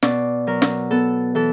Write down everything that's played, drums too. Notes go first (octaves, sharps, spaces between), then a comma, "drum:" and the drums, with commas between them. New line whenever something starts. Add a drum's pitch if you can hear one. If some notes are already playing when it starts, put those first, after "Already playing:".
B2 D5, drum: snare
F#3 A#4
drum: snare
B3 A4
E3 A4